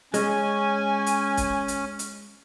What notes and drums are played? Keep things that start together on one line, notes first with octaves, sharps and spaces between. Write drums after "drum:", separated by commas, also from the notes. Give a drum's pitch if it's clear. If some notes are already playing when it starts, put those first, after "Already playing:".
G#3 C#4 G#5, drum: hi-hat
drum: hi-hat
drum: kick, hi-hat
drum: hi-hat
drum: hi-hat